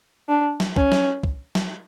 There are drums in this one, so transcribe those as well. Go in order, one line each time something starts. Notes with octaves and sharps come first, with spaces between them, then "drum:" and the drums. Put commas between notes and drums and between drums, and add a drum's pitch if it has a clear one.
D4
drum: snare
C#4, drum: kick
drum: snare
drum: kick
drum: snare